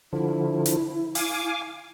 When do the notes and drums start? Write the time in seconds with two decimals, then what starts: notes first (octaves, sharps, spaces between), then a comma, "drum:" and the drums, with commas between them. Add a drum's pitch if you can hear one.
0.13 D3 F3 E4
0.66 drum: hi-hat
1.15 F5 G#5 D6, drum: open hi-hat